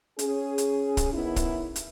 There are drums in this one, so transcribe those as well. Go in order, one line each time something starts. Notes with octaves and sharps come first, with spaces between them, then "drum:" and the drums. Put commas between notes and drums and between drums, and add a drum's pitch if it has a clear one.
C#4 G#4, drum: hi-hat
drum: hi-hat
drum: kick, hi-hat
D#3 B3 C#4 D#4 E4
drum: kick, hi-hat
drum: hi-hat